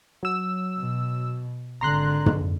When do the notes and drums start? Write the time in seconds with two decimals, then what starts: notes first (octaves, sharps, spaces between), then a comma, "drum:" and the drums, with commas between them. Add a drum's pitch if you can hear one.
0.23 F#3 E6
0.78 B2
1.81 G#1 D3 A#5 C6 F#6
2.26 drum: tom